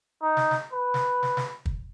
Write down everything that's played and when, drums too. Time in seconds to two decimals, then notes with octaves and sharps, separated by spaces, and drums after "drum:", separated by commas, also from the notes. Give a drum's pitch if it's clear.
0.22 D#4
0.37 drum: snare
0.51 drum: snare
0.73 B4
0.94 drum: snare
1.23 drum: snare
1.37 drum: snare
1.66 drum: kick